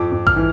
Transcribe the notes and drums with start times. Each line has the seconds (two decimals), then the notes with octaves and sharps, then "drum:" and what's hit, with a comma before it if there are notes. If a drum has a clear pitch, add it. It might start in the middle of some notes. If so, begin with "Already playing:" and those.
Already playing: F2 D6
0.12 F2
0.27 F6, drum: kick
0.36 E3